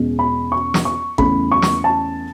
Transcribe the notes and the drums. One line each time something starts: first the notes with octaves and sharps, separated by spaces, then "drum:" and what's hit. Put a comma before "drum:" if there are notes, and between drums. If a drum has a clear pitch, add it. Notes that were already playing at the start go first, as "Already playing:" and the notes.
Already playing: E2 B2 G#3 C#4
B5
C#6
drum: snare
C#6
E2 C#3 E3 A3 C#4 B5, drum: kick
C#6
drum: snare
A5